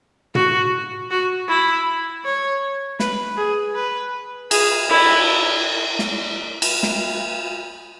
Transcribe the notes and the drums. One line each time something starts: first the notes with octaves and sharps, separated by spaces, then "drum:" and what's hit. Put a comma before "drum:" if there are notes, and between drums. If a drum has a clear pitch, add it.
F#4, drum: tom
F#4
E4
C#5
B4, drum: snare
G#4
B4
G#4, drum: cymbal
E4, drum: cymbal
drum: snare
drum: cymbal
drum: snare